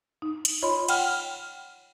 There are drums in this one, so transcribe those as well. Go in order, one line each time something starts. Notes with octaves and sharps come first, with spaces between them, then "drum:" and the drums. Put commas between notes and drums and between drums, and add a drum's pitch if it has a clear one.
D#4
drum: hi-hat
F4 C#5 D#5 B5 C6
F#5 G5 F6, drum: cymbal